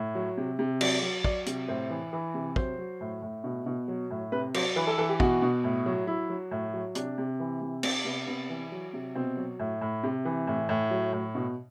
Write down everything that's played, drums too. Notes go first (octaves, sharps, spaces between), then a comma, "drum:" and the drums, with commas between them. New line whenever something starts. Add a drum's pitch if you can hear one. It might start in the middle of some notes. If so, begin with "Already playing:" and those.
Already playing: A2
F#3
C3
C3
F#3 D5, drum: cymbal
F#3
F#3 D5, drum: kick
C3, drum: hi-hat
A2 C5
E3
E3
C3
F#3 C5, drum: kick
F#3
A2
A2
B2
B2
F#3
A2
C3 B4
F#3 C5, drum: cymbal
E3 B4
A4
E3 A4
G4
B2 F#4, drum: kick
B2
A2
F#3
F#3 E4
F#3
A2
F#3
C3 D4, drum: hi-hat
C3
E3
C3
C3 C4, drum: cymbal
C3 B3
C3 B3
E3
F#3
C3
B2 C4
F#3
A2
A2
C3
E3
A2
A2
F#3
A2
B2